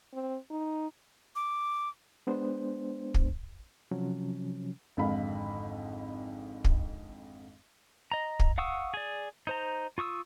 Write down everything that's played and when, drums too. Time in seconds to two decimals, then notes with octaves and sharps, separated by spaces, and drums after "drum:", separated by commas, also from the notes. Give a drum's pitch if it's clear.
0.13 C4
0.50 D#4
1.36 D6
2.27 G#3 B3 D4 C5
3.14 drum: kick
3.91 C3 F3 F#3 C#4
4.97 G#1 F2 G#2 D3 F5 B5
6.64 drum: kick
8.12 D#5 A#5
8.40 drum: kick
8.58 F5 F#5 C#6 D#6 E6
8.94 G#4 D5
9.47 D#4 C5 A#5
9.98 F4 C#6 D#6 E6